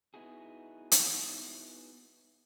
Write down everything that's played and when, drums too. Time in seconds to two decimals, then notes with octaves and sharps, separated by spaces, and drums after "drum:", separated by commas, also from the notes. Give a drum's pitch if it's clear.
0.14 B3 D#4 E4 F#4 G#4
0.92 drum: hi-hat